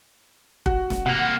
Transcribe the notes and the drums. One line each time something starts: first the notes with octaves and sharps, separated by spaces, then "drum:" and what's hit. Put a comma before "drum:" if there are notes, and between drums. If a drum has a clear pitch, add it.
F#4, drum: kick
drum: snare
C3 A#3 F#5